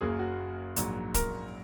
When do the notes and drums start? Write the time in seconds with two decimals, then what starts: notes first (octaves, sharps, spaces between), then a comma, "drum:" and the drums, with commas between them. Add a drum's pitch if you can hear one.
0.01 F#1 F#2 F#3 A#3 G#4
0.19 F#4
0.76 A#1 G#2 F#3, drum: hi-hat
1.14 A#4, drum: kick, hi-hat